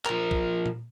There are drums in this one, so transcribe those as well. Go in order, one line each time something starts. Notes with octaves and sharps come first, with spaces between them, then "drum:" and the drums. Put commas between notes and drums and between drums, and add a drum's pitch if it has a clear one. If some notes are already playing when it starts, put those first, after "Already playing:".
F3 A#4, drum: clap
drum: kick
drum: tom A#2